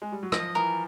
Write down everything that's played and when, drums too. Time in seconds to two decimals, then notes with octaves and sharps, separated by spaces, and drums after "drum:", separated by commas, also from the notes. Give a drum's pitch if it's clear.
0.02 G#3
0.12 G3
0.23 F#3
0.32 F3 D#5, drum: rim click
0.55 E3 A#4